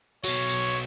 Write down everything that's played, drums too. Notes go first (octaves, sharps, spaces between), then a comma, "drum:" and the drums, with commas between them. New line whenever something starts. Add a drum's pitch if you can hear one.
B2 F#3 C#5, drum: tambourine
drum: tambourine